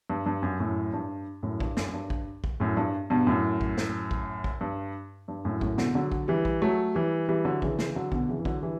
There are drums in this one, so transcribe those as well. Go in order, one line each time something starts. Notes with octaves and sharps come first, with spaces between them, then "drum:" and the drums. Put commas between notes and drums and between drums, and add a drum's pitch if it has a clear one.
G2
G2
F#2
F#2 A2
G2
F#2 A2
G2, drum: kick
F#2, drum: snare
G2
drum: kick
drum: kick
F#2 A2
G2
G2 B2
F#2 A2
drum: kick
drum: snare
drum: kick
drum: kick
G2
G2
F#2 A2
F#2 A2, drum: kick
B2 D3, drum: snare
D3 F#3
drum: kick
E3 G3
drum: kick
F#3 A3
E3 G3
E3 G3
D3 F#3
C#3 E3, drum: kick
C#3 E3, drum: snare
D3 F#3
B2 D3, drum: kick
C#3 E3
E3
D3 F#3, drum: kick
E3 G3